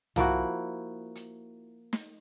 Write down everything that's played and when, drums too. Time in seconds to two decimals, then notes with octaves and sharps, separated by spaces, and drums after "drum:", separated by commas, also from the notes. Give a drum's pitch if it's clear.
0.16 F3 A#3 E4 F#4, drum: tom
1.15 drum: hi-hat
1.93 drum: snare